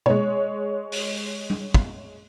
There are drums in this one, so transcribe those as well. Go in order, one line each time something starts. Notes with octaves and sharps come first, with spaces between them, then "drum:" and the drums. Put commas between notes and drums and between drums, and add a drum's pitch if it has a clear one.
G#3 C#5, drum: tom B2
drum: open hi-hat
drum: tom
drum: kick